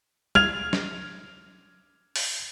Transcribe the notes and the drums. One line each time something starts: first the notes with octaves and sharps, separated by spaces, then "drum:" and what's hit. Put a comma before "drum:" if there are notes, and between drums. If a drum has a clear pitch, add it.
F6 G#6 F7, drum: tom G3
drum: snare
drum: open hi-hat